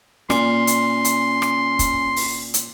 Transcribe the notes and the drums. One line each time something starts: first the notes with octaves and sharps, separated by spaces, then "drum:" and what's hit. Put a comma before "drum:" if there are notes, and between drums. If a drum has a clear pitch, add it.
A#2 C#4 C6, drum: rim click
drum: hi-hat
drum: hi-hat
drum: rim click
drum: kick, hi-hat
drum: open hi-hat
drum: hi-hat